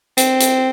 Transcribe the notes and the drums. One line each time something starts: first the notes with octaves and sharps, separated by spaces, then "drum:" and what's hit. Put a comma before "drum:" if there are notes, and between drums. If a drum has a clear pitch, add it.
C4, drum: hi-hat
drum: hi-hat